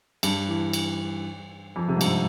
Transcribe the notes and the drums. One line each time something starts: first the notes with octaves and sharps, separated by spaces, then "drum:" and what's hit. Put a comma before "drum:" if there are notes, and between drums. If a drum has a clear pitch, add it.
G2, drum: cymbal
E3
drum: cymbal
F2
C3
G#2
G2, drum: cymbal